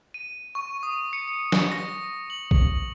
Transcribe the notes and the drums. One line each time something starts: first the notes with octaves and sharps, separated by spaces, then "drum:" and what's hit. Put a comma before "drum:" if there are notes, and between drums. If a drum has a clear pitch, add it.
D#7
C#6
D#6
C#7
C#7
drum: snare
A#6
F#7
drum: kick B1